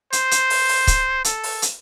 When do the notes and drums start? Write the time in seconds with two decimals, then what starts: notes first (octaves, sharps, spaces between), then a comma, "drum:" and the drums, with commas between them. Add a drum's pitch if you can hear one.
0.13 C5, drum: hi-hat
0.31 drum: hi-hat
0.50 drum: open hi-hat
0.69 drum: open hi-hat
0.87 drum: kick C#1, hi-hat
1.24 A4, drum: hi-hat
1.43 drum: open hi-hat
1.62 drum: hi-hat